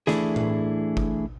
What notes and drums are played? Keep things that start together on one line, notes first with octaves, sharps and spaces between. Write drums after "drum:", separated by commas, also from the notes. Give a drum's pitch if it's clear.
E3 A3 D4 E4 G#4, drum: snare
drum: tom A2
drum: kick F#1